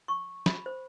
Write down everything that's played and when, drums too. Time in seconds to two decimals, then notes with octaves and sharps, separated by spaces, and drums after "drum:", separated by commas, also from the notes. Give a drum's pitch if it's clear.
0.08 C#6
0.46 B5, drum: snare
0.66 C5